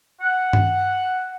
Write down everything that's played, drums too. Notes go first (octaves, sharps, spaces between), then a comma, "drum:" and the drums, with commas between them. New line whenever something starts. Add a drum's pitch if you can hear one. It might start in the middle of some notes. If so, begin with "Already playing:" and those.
F#5
drum: tom G2